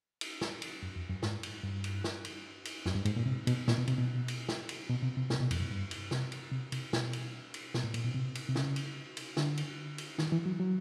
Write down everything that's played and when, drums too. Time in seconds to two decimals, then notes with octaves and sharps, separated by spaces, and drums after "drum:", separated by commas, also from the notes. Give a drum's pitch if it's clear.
0.21 drum: cymbal
0.41 drum: snare
0.62 drum: cymbal
0.83 F#2
0.96 F2
1.10 F#2
1.23 G#2, drum: snare
1.43 drum: cymbal
1.63 G2
1.84 drum: cymbal
2.04 drum: snare
2.25 drum: cymbal
2.65 drum: cymbal
2.86 F#2, drum: snare
2.95 G2
3.05 G#2, drum: cymbal
3.16 A#2
3.26 C3
3.47 B2, drum: cymbal
3.68 A#2, drum: snare
3.78 B2
3.87 C3, drum: cymbal
3.98 B2
4.28 drum: cymbal
4.49 drum: snare
4.69 drum: cymbal
4.90 B2
5.02 C3
5.17 C3
5.30 B2, drum: snare
5.35 C3
5.41 B2
5.51 F2, drum: cymbal
5.60 F#2
5.71 G2
5.91 drum: cymbal
6.11 C3, drum: snare
6.32 drum: cymbal
6.52 C3
6.72 C3, drum: cymbal
6.93 B2, drum: snare
7.13 drum: cymbal
7.54 drum: cymbal
7.74 B2, drum: snare
7.84 A2
7.94 A#2, drum: cymbal
8.04 B2
8.15 C3
8.35 drum: cymbal
8.49 C3
8.55 C#3, drum: snare
8.76 drum: cymbal
9.17 drum: cymbal
9.37 D3, drum: snare
9.57 drum: cymbal
9.98 drum: cymbal
10.18 D#3, drum: snare
10.32 E3
10.46 F#3
10.59 F#3